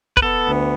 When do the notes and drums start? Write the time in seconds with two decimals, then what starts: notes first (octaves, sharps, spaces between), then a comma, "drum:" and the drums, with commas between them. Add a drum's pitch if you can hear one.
0.17 B4, drum: kick
0.22 B3 A4
0.46 D2